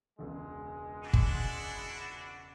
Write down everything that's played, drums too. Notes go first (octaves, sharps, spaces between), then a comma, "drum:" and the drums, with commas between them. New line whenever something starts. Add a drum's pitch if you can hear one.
E1 C#2 G#3
D4 E4 F#4
drum: kick